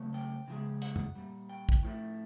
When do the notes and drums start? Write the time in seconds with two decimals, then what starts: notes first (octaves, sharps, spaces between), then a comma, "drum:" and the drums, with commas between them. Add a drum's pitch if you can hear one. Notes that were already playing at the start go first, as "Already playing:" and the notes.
Already playing: C#3 F#3 A3
0.14 G5
0.48 C#3 F3 G#3
0.82 F#5, drum: hi-hat
0.96 drum: tom F#2
1.15 A#2 G3
1.49 G5
1.69 drum: kick
1.83 A2 F3 A3